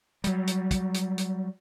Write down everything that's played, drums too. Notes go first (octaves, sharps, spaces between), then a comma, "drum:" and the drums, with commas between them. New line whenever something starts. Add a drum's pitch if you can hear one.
F#3 G3, drum: hi-hat
drum: hi-hat
drum: kick, hi-hat
drum: hi-hat
drum: hi-hat